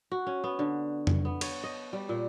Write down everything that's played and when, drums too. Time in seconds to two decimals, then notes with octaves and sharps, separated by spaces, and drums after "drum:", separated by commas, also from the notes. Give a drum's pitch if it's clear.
0.11 F#4
0.27 C#4
0.44 B3
0.59 D3
1.07 drum: tom F2
1.25 B3
1.41 C#5, drum: cymbal
1.64 D#5
1.93 G3
2.09 A#2